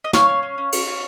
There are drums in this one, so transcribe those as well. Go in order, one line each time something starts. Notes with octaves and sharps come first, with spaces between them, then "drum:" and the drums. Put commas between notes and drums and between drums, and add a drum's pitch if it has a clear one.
D#5
C#4 C#5 F5, drum: snare
C#4
C#4
C#4
C#4, drum: cymbal
C#4